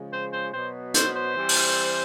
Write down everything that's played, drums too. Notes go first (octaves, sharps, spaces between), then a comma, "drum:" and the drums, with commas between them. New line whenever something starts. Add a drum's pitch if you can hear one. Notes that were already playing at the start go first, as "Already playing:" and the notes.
Already playing: C#3 F3 G#3
C5
C5
B2 F#3 B3 C5
C5, drum: hi-hat
C5
E3 G3 C4
drum: open hi-hat